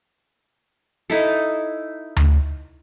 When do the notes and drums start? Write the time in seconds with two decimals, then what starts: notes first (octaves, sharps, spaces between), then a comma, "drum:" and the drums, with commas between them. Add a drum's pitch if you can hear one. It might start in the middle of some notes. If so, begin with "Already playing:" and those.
1.10 D#4 E4 A4
2.16 drum: tom D2